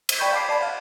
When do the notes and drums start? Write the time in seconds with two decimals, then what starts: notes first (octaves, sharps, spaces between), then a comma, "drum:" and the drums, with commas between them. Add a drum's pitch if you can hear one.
0.09 drum: cymbal
0.18 D5 G5 B5 C#6 G6 B6
0.32 F5 A5 B5 D6 C7
0.49 D5 A5 B5
0.61 F5 F#5